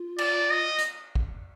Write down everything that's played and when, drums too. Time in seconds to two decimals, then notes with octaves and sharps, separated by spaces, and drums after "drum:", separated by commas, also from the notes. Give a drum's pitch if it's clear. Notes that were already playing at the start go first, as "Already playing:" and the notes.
Already playing: F4
0.18 D5, drum: cymbal
0.50 D#5
0.78 drum: hi-hat
1.15 drum: kick